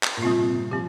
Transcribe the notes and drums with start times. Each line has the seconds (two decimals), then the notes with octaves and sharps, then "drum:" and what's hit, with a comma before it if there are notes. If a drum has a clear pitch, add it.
0.03 drum: clap
0.17 A#2
0.22 C3 G3 C4 F4
0.39 C3
0.55 C3
0.71 F3 C4 G4